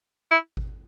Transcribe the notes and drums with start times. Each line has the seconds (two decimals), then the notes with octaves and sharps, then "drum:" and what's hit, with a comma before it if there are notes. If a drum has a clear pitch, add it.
0.31 E4
0.57 drum: kick G#1